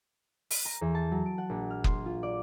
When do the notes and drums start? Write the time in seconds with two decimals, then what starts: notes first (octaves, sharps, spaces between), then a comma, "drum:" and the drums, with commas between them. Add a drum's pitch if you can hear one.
0.51 B6, drum: open hi-hat
0.65 A#5
0.81 E2
0.95 A5
1.11 F#3
1.26 D7
1.38 F#5
1.50 A#1
1.70 F6
1.84 C6, drum: kick
2.06 F4
2.23 D5